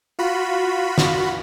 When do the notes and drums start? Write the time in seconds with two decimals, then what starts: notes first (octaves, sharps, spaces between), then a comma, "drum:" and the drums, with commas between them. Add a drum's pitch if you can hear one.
0.19 F4 F#4 B5
0.98 drum: snare